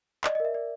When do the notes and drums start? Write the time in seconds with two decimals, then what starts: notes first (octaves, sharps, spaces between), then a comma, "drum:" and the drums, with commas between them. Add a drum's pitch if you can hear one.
0.24 D5 D#5, drum: clap
0.35 D#5
0.40 A#4 E5
0.54 D5